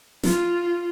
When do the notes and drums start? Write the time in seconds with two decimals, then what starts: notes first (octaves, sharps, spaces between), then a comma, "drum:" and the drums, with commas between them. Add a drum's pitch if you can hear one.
0.23 F4, drum: snare